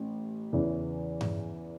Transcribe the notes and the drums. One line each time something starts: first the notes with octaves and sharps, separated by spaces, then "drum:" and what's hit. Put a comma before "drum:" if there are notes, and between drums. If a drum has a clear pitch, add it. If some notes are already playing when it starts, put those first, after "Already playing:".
Already playing: A1
E2 C#3 E3
drum: tom G2